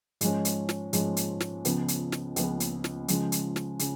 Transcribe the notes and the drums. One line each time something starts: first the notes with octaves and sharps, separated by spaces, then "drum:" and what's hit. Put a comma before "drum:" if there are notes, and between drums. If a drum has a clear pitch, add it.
G#2 F3 G#3 C#4, drum: hi-hat
drum: hi-hat
drum: snare
G#2 F3 G#3 C#4, drum: hi-hat
drum: hi-hat
drum: snare
C#2 C#3 F3 B3, drum: hi-hat
drum: hi-hat
drum: snare
C#2 C#3 F3 B3, drum: hi-hat
drum: hi-hat
drum: snare
C#3 F3 G#3, drum: hi-hat
drum: hi-hat
drum: snare
C#3, drum: hi-hat